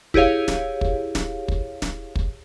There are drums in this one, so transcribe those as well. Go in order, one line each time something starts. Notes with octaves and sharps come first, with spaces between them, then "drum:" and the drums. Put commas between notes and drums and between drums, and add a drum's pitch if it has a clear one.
E4 G4 G#4 C#5 F5, drum: kick
drum: snare
drum: kick
drum: snare
drum: kick
drum: snare
drum: kick